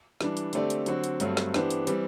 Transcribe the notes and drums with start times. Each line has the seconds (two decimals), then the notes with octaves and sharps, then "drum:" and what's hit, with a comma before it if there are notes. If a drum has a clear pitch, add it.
0.21 E3 G3 D4, drum: snare
0.37 drum: hi-hat
0.53 D3 A3 C4 G4 D5, drum: hi-hat
0.70 drum: hi-hat
0.86 D3 F#3 C4 F#4, drum: hi-hat
1.04 drum: hi-hat
1.20 G2 F#3 A3 C4, drum: hi-hat
1.37 drum: snare
1.54 E3 B3 D4 G4 C5, drum: snare
1.70 drum: hi-hat
1.87 E3 G3 C4, drum: hi-hat